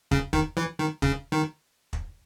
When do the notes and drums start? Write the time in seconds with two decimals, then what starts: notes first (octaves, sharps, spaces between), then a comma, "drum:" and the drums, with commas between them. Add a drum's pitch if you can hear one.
0.11 C#3, drum: kick
0.33 D#3, drum: kick
0.57 E3
0.79 D#3
1.02 C#3, drum: kick
1.32 D#3
1.93 drum: kick